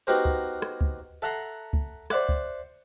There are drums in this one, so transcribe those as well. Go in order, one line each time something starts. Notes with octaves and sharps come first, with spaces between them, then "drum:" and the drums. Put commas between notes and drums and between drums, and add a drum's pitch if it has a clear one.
B3 D#4 F#4 G4 A#4 C5
drum: kick C#2
drum: rim click
drum: kick C#2
A4 E5 F#5 A#5 C6
drum: kick C#2
C5 D5 E5 F#5 D6, drum: rim click
drum: kick C#2